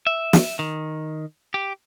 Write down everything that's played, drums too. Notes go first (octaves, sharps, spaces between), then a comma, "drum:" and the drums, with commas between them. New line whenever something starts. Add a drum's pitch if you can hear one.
E5
drum: snare
D#3
G4